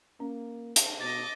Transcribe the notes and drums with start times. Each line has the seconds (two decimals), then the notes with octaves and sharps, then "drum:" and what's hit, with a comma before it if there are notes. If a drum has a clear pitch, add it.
0.20 A#3 C#4
0.76 drum: hi-hat
1.01 B2 D#5 D6 A6